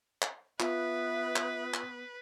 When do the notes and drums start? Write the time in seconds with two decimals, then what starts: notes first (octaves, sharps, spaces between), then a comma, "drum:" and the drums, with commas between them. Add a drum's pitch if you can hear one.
0.22 drum: clap
0.60 B3 F4 B4 E5, drum: clap
1.36 drum: clap
1.74 drum: clap